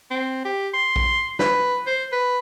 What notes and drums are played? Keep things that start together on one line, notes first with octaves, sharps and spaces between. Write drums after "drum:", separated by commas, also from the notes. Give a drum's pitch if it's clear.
C4
G4
C6
drum: kick A#1
B4, drum: snare
C5
B4